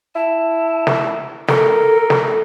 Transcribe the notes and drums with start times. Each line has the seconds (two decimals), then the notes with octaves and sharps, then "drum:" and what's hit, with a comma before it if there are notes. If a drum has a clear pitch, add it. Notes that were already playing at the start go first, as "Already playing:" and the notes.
0.15 E4 A5
0.87 drum: snare
1.48 A4 A#4, drum: snare
2.10 drum: snare